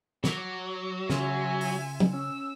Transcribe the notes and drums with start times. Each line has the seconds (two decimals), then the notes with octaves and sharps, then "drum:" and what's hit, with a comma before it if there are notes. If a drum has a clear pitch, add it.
0.24 F#3 D6, drum: snare
1.10 C#3 F4 E5 G#5, drum: snare
1.61 drum: open hi-hat
2.00 drum: tom
2.13 C#4 E6